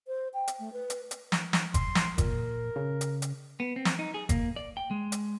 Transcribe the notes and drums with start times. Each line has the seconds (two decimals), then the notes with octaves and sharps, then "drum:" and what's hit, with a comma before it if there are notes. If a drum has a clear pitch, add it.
0.07 C5
0.34 G5
0.48 drum: hi-hat
0.59 A3
0.73 B4
0.90 drum: hi-hat
1.11 drum: hi-hat
1.32 drum: snare
1.53 drum: snare
1.74 C6, drum: kick F#1, hi-hat
1.95 drum: snare
2.18 A#2 A#4, drum: kick F#1, hi-hat
2.76 C#3
3.01 drum: hi-hat
3.22 drum: hi-hat
3.60 B3
3.76 C4
3.85 drum: snare
3.99 D#4
4.14 G#4
4.29 A#3, drum: kick F#1, hi-hat
4.56 D5
4.77 G5
4.91 G#3
5.12 drum: hi-hat